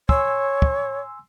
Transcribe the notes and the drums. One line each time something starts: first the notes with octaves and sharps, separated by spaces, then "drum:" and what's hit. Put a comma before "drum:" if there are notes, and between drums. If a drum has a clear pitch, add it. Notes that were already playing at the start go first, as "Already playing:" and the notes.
C#5 G#5 C6 E6, drum: kick
drum: kick